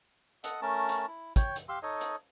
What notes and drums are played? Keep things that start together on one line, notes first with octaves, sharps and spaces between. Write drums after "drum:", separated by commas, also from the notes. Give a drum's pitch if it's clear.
A4 D#5 F#5, drum: hi-hat
A3 C#4 A#4 A5
drum: hi-hat
E4
C#5 G5, drum: kick, hi-hat
drum: hi-hat
G4 F5 C6 E6
D#4 A4 C#5 D#5
drum: hi-hat